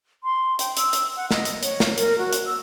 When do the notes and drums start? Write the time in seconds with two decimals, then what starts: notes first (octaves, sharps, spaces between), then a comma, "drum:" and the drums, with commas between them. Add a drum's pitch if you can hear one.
0.24 C6
0.59 G5, drum: hi-hat
0.77 E6, drum: hi-hat
0.93 drum: hi-hat
1.16 F#5
1.31 D#5, drum: snare
1.45 drum: hi-hat
1.63 C#5, drum: hi-hat
1.80 drum: snare
1.98 A#4, drum: hi-hat
2.18 F#4
2.33 drum: hi-hat
2.46 E6